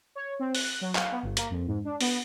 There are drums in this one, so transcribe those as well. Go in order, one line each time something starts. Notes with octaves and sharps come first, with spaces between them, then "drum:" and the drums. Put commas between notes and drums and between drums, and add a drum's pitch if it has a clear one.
C#5
C4
F#6, drum: open hi-hat
F#3
F5, drum: clap
B3
G1
A#3, drum: hi-hat
F2
G#2
D4
B3, drum: open hi-hat